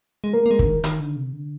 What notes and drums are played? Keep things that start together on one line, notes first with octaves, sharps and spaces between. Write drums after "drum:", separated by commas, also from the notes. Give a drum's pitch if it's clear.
G#3
A#3 A#4
A#3
G#3
D3, drum: kick
D#3
D#3, drum: hi-hat
D3
C3
D3